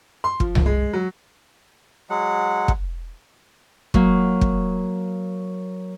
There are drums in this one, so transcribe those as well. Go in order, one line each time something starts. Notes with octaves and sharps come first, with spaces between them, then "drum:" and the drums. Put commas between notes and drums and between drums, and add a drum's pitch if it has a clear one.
C6
F3, drum: kick
drum: tom C2
G#3
F#3
F#3 G#3 F#5
drum: kick
F#3 A#3, drum: kick
drum: kick